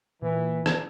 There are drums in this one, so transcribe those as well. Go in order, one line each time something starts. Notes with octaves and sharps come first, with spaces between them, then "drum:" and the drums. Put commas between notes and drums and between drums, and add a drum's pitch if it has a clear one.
A#2 E3
drum: rim click